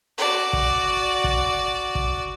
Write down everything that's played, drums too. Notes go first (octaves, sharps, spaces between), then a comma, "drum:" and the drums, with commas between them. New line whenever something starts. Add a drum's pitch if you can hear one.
F#4 D5
drum: kick
drum: kick
drum: kick